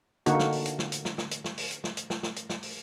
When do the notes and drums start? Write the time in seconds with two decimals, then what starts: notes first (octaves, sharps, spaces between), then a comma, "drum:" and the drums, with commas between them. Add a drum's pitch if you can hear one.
0.26 D3 A#3 D#4 F#4, drum: hi-hat
0.39 drum: snare
0.52 drum: open hi-hat
0.66 drum: hi-hat
0.79 drum: snare
0.92 drum: hi-hat
1.05 drum: snare
1.18 drum: snare
1.31 drum: hi-hat
1.44 drum: snare
1.58 drum: open hi-hat
1.71 drum: hi-hat
1.84 drum: snare
1.97 drum: hi-hat
2.10 drum: snare
2.23 drum: snare
2.36 drum: hi-hat
2.49 drum: snare
2.63 drum: open hi-hat